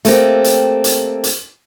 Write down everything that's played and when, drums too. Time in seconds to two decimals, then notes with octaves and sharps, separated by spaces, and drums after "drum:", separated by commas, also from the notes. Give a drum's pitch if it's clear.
0.05 A3 A#3 C4 G4, drum: hi-hat
0.44 drum: hi-hat
0.84 drum: hi-hat
1.24 drum: hi-hat